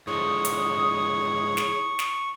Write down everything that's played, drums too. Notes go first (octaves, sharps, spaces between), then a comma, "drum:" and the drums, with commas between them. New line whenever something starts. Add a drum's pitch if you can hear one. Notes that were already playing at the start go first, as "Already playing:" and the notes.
G#2 D3 F3 E4 G#4 C#5 C#6 D#6
drum: hi-hat
drum: snare
drum: snare